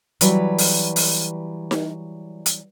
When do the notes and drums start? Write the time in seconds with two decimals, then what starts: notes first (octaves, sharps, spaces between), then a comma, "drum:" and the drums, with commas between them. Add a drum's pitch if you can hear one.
0.21 E3 F#3 G3 B4, drum: hi-hat
0.58 drum: open hi-hat
0.96 drum: open hi-hat
1.71 drum: snare D#4
2.46 drum: hi-hat